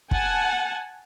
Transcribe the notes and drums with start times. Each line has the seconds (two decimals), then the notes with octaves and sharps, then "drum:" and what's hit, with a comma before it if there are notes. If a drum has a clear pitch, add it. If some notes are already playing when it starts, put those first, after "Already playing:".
0.11 F#5 G#5 A5, drum: kick